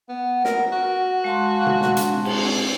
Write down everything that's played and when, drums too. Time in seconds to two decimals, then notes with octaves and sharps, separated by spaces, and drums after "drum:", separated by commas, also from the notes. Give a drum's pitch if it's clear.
0.09 B3 F#5
0.45 A#4, drum: snare
0.72 F#4
1.24 G#3 F5 A5 C6
1.66 drum: tom B2
1.82 drum: snare
1.97 D4, drum: hi-hat
2.14 C4
2.25 drum: cymbal